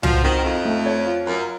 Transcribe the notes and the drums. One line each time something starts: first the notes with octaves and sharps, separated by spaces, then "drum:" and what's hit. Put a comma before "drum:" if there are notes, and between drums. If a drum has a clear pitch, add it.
F3 F#4, drum: tom C2
D#3 C4
F2 D#4
A3
C#5
F4
F#2 A#4